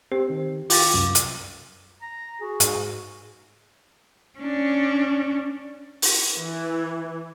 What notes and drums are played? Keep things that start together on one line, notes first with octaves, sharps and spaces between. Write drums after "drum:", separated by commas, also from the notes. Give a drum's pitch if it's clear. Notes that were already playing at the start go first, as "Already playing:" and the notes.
C4 G4
D#3
F4 G5 D6 A6, drum: open hi-hat
C2 F#2
drum: hi-hat
A#5
F#4 G#4
G#2, drum: hi-hat
C#4 D4
drum: open hi-hat
E3